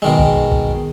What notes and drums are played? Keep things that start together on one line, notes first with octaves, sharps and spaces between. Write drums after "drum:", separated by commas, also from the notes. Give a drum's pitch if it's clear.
B2 D#3 G#3
drum: kick
drum: kick